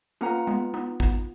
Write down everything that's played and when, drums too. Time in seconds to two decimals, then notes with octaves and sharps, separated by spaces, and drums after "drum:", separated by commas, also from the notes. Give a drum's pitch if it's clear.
0.21 A#3 C#4 F4 B4 F#5 A#5
0.47 G#3 B3
0.74 B3 D#4
1.00 B3 D#4, drum: kick